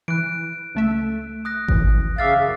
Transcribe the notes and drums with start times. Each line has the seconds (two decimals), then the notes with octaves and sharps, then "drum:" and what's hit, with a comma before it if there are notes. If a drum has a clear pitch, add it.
0.08 E3 F#6 D7
0.75 C#2 A3 E5
1.45 D#6 F#6 A#6
1.68 F#2 E3, drum: kick G#1
2.18 C#3 E5 F5 D6 F6 A6
2.39 F#2